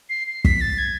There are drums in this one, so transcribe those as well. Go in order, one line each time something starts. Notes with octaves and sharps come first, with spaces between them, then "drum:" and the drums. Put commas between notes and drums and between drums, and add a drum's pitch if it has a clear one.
C7
C7
B6, drum: kick
A6
G#6